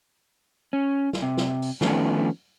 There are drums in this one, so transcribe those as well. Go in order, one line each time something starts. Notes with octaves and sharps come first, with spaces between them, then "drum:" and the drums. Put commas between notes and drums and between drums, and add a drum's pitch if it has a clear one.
C#4
drum: snare
C3
drum: snare
drum: open hi-hat
D#3 F3 A3 B3 C#4 D4, drum: snare